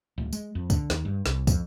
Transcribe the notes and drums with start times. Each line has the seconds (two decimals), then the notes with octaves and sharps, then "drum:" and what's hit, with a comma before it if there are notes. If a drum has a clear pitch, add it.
0.18 D1
0.33 G#3, drum: tambourine
0.55 F2
0.70 D3, drum: kick, tambourine
0.90 D#2, drum: snare
1.05 G2
1.26 C2, drum: snare
1.47 F2, drum: kick, tambourine